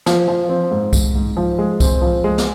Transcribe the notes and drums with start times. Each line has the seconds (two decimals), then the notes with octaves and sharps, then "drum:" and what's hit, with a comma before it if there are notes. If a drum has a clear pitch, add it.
0.06 F3, drum: snare
0.28 F3
0.49 C4
0.71 G#2
0.93 G#2, drum: kick C2, tambourine
1.15 G#2
1.37 F3
1.59 G#3
1.80 C4, drum: kick C2, tambourine
2.02 F3
2.24 G#3
2.38 drum: snare